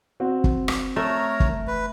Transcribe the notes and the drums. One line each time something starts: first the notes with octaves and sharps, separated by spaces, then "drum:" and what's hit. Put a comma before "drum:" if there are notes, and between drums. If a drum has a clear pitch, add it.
C4 F#4
drum: kick
drum: rim click
A3 A#4 C#5 A#5
drum: kick
B4